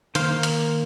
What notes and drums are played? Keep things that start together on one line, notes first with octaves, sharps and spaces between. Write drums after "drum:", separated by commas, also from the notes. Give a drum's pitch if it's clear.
D#3 A#3 C5 F5, drum: hi-hat
drum: hi-hat